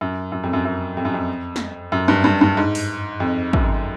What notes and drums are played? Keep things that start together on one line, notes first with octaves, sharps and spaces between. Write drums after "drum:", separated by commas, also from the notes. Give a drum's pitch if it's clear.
F#2
F#2
F2
F#2
F#2
F2
F#2
F2
drum: snare
F#2
G2
G2
G2
G#2
drum: open hi-hat
F2
F#2, drum: kick